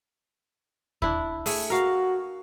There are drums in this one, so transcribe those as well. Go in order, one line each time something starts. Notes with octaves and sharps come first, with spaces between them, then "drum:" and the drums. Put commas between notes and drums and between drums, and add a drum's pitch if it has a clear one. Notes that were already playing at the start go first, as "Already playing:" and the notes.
D4 E4, drum: kick D#2
A3 G#4, drum: open hi-hat
F#4 A#4 F5